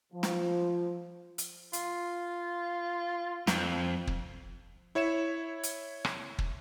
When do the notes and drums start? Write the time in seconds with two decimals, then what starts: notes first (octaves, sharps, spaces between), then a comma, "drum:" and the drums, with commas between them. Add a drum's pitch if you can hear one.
0.13 F3
0.23 drum: snare
1.38 drum: hi-hat
1.73 F4, drum: hi-hat
3.47 F2, drum: snare
4.07 drum: kick
4.95 E4 C#5 E5 C#7 E7
5.63 drum: hi-hat
6.05 drum: rim click
6.38 drum: kick